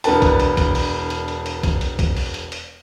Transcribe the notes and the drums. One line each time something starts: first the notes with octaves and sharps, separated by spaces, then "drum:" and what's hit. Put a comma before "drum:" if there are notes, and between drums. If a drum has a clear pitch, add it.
E1 D4 A#4 B4 A5, drum: hi-hat
drum: kick, hi-hat
drum: hi-hat
drum: kick, hi-hat
drum: open hi-hat
drum: hi-hat
drum: hi-hat
drum: hi-hat
drum: kick, hi-hat
drum: hi-hat
drum: kick, hi-hat
drum: open hi-hat
drum: hi-hat
drum: hi-hat